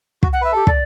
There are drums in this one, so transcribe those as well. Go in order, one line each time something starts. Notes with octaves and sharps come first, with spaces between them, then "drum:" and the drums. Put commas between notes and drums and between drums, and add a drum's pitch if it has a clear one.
F#4, drum: kick
F#5
B4 E5
G4 A4
D5, drum: kick